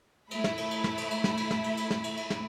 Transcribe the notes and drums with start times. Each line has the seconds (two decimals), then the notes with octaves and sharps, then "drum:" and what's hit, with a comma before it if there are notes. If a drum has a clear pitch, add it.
0.31 A3 E4 B5, drum: cymbal
0.44 drum: snare
0.57 drum: cymbal
0.71 drum: cymbal
0.84 drum: snare
0.97 drum: cymbal
1.11 drum: cymbal
1.24 drum: snare
1.37 drum: cymbal
1.51 drum: snare
1.64 drum: cymbal
1.77 drum: cymbal
1.90 drum: snare
2.04 drum: cymbal
2.17 drum: cymbal
2.30 drum: snare